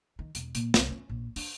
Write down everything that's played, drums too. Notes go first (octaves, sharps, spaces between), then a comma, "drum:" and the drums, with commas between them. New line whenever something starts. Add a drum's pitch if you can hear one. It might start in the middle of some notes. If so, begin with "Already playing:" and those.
D#3
E1, drum: hi-hat
A#2, drum: hi-hat
C2, drum: snare
C#4
A#1
D4, drum: open hi-hat